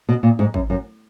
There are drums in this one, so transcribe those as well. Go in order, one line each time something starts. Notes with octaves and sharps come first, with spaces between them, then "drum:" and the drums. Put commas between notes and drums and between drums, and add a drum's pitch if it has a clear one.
B2
A#2
G#2, drum: tom
F#2, drum: kick G#1
F#2